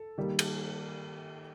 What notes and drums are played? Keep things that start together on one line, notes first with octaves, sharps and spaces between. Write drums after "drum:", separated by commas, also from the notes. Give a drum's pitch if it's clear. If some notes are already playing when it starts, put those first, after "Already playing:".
Already playing: A4
D#3 G3 A#3
drum: cymbal